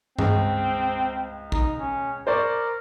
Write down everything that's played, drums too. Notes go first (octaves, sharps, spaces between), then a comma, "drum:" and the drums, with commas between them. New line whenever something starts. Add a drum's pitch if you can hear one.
C#2 C4, drum: tom G2
D#4, drum: kick A#1
C#4
A#4 C5 D5 C#6